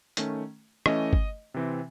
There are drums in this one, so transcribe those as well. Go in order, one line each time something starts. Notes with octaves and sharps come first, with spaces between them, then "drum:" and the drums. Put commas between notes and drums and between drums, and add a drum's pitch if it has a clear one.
D#3 A3 C#4, drum: hi-hat
E3 A3 C#4 D#5, drum: rim click
drum: kick G1
C3 E3 C4